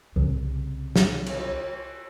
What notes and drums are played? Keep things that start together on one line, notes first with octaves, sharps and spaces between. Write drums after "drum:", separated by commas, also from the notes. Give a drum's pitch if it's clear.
C2 C#3
drum: snare
drum: cymbal